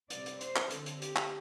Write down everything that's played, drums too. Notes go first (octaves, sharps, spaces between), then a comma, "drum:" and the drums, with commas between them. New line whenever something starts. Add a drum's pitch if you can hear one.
C3 G3 C4 D5, drum: hi-hat
drum: hi-hat
C5, drum: hi-hat
drum: clap
D3 C4 A4, drum: hi-hat
drum: hi-hat
G4, drum: hi-hat
drum: clap